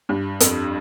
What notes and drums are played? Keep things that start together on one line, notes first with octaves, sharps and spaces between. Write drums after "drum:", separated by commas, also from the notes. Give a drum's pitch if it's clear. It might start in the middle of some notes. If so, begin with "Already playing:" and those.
G2
F2, drum: hi-hat